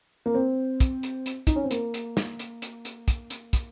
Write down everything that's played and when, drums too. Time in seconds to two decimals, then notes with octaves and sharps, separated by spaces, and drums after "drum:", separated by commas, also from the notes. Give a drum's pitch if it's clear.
0.26 A#3
0.34 C4
0.80 drum: kick, hi-hat
1.03 drum: hi-hat
1.26 drum: hi-hat
1.47 D#4, drum: kick, hi-hat
1.56 C#4
1.64 C4
1.71 A#3, drum: hi-hat
1.94 drum: hi-hat
2.17 drum: snare
2.39 drum: hi-hat
2.62 drum: hi-hat
2.85 drum: hi-hat
3.08 drum: kick, hi-hat
3.30 drum: hi-hat
3.53 drum: kick, hi-hat